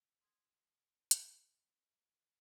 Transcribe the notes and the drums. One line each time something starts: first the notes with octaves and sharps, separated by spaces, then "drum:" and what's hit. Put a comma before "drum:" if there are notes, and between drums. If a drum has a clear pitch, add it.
C6 D#6 G#6
drum: hi-hat